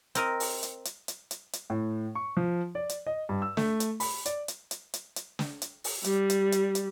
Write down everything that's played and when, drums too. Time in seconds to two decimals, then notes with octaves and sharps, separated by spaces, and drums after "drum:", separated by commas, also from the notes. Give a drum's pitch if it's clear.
0.15 C4 A#4 D#5, drum: hi-hat
0.40 drum: open hi-hat
0.63 drum: hi-hat
0.85 drum: hi-hat
1.08 drum: hi-hat
1.31 drum: hi-hat
1.53 drum: hi-hat
1.70 A2
2.15 C#6
2.37 F3
2.75 D5
2.89 drum: hi-hat
3.07 D#5
3.29 G2
3.42 E6
3.57 A3, drum: snare
3.80 drum: hi-hat
4.00 B5, drum: open hi-hat
4.26 D5, drum: hi-hat
4.48 drum: hi-hat
4.71 drum: hi-hat
4.94 drum: hi-hat
5.16 drum: hi-hat
5.39 drum: snare
5.62 drum: hi-hat
5.84 drum: open hi-hat
6.04 G3, drum: hi-hat
6.30 drum: hi-hat
6.52 drum: hi-hat
6.75 drum: hi-hat